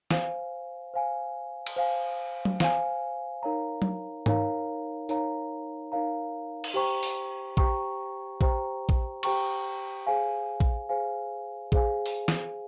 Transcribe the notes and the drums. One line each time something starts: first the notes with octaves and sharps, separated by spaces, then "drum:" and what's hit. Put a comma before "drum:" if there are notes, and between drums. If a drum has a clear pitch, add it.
C5 F5 G#5, drum: snare
C5 F5 G#5
drum: cymbal
C5 F5 G#5
drum: tom F#3
C5 F5 G#5, drum: snare
D#4 A#4 C#5 F5 A#5
drum: tom F#3
D#4 A#4 C#5 F5 A#5, drum: tom G#2
D#4 A#4 C#5 F5 A#5, drum: tambourine
D#4 A#4 C#5 F5 A#5
drum: cymbal
G4 C5 G5 A#5 C#6
drum: open hi-hat
G4 C5 G5 A#5 C#6, drum: kick
G4 C5 G5 A#5 C#6, drum: kick
drum: kick
G4 C5 G5 A#5 C#6, drum: cymbal
G#4 C5 F5 G#5
drum: kick
G#4 C5 F5 G#5
G#4 C5 F5 G#5, drum: kick
drum: open hi-hat
drum: snare